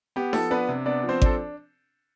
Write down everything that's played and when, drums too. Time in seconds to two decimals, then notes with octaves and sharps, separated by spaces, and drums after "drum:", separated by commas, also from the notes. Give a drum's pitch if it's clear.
0.16 B3 G4
0.33 F3 A4, drum: snare D#4
0.50 B3 D4 B4
0.69 C3
0.86 B3 D4 D5
1.03 F3
1.09 C4 C5
1.22 D4 A4, drum: kick G#1